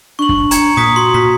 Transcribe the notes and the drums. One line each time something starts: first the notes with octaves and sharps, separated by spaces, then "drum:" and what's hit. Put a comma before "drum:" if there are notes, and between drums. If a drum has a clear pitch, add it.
D4 C#6 F#7
drum: kick
A#5 G#6 C#7, drum: hi-hat
A#2 D#6 B6
F#4 C6
A#2 B6